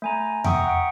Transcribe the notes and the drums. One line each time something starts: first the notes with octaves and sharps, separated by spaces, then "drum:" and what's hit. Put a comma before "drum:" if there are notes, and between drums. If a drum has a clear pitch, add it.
A3 G#5 A#5
E5 F#5 G5 A#5 C#6 D#6, drum: tom E2
F#5 D7